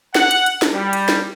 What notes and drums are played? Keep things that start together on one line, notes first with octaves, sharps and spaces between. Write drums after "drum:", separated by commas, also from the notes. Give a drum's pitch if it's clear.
F#5, drum: snare
drum: hi-hat
drum: hi-hat
drum: snare
G3
drum: hi-hat
drum: snare